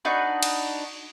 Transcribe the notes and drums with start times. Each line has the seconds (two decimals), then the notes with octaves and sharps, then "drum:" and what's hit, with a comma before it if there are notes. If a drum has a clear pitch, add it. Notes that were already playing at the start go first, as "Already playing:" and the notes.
0.05 D4 D#4 F#4 B4
0.43 drum: cymbal